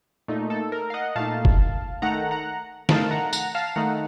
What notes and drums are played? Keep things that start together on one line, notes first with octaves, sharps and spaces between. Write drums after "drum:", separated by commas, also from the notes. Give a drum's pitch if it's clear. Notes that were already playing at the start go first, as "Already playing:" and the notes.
A#2 A3 D#4
A4
A#4
F5
D#5 F#5
A#2 A3 D#4 F5 A5
drum: kick F1
D#3 A3 D#4 F#5 A#5
F#5 A#5
D#3 A3 D#4 F5 A5, drum: snare
F#5 A#5
F#5 A#5, drum: tambourine
F5 A5
D#3 A3 D#4 F#5 A#5